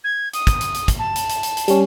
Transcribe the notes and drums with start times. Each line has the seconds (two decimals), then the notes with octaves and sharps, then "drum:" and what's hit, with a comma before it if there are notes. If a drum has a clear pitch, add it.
0.04 G#6
0.33 D#6, drum: hi-hat
0.47 drum: kick, hi-hat
0.61 drum: hi-hat
0.74 drum: hi-hat
0.88 drum: kick, hi-hat
0.99 A5
1.16 drum: hi-hat
1.29 drum: hi-hat
1.43 drum: hi-hat
1.57 drum: hi-hat
1.68 G3 C#4, drum: hi-hat